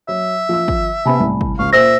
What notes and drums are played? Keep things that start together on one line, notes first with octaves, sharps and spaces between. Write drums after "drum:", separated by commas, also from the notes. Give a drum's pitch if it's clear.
F#3 E5
F3 E6
drum: kick
C3 B3 G#5 A5 B5
C2 A2
drum: kick
C#2 F5 C#6
A#2 C5 E5 E6 A#6